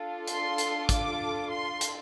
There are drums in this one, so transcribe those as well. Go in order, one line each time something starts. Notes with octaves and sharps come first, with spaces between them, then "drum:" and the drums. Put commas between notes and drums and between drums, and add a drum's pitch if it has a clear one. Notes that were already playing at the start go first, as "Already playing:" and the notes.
Already playing: D4 F4 A4
C6, drum: hi-hat
drum: hi-hat
D6, drum: kick, hi-hat
C6
drum: hi-hat